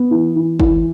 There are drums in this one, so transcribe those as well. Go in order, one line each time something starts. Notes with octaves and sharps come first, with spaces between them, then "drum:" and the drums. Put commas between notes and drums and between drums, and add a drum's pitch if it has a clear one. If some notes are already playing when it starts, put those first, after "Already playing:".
Already playing: B3
E3
E3
E3, drum: kick